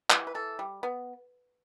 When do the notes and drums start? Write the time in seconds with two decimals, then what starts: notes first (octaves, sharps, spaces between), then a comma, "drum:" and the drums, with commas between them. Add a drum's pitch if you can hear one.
0.10 E3, drum: clap
0.27 B4
0.34 E3 A4
0.59 G3
0.83 B3